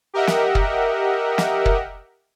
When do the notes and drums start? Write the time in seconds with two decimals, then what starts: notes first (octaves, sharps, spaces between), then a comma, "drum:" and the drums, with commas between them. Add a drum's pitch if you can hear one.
0.14 G4 A#4 D#5 E5 F#5
0.27 drum: snare
0.55 drum: kick
1.38 drum: snare
1.66 drum: kick